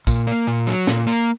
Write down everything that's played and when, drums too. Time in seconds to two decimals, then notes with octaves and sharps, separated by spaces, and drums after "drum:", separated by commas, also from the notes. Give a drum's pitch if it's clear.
0.07 A#2, drum: kick, tambourine
0.27 A#3
0.47 A#2
0.67 F#3
0.87 A#2, drum: snare
1.07 A#3